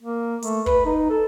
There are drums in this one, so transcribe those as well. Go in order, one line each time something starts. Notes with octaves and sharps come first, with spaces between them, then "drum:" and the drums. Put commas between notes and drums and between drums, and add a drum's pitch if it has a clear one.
A#3
A3, drum: hi-hat
B4, drum: kick
D#4
A4